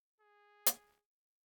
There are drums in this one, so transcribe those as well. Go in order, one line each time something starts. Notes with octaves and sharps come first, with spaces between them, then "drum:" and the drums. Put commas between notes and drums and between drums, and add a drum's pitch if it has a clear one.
G#4
drum: hi-hat